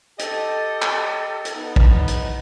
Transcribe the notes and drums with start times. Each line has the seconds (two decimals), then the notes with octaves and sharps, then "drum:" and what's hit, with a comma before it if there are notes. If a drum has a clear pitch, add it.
0.19 G4 A4 D#5, drum: hi-hat
0.82 drum: clap
1.45 drum: hi-hat
1.55 B3 D#4
1.76 drum: kick A#1
2.08 drum: hi-hat